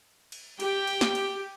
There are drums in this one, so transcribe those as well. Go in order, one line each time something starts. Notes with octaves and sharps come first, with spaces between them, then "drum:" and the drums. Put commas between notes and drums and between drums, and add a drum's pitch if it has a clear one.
drum: cymbal
G4 G5, drum: cymbal
drum: cymbal
drum: snare
drum: cymbal